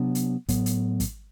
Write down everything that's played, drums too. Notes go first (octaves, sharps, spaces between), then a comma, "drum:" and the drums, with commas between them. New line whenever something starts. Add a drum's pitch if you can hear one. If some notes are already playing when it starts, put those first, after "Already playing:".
Already playing: C3 F#3 B3 D4
drum: hi-hat
A2 F#3 B3, drum: kick, hi-hat
drum: hi-hat
drum: kick, hi-hat